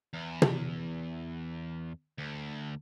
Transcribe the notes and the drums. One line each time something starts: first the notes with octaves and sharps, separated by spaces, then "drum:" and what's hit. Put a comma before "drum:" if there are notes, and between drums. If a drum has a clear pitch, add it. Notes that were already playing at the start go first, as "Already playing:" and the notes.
E2
drum: tom
D2